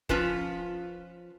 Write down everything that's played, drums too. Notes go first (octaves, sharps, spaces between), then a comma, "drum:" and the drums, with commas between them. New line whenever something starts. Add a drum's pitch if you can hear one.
F3 C#4 F4 B4 A5, drum: kick D#1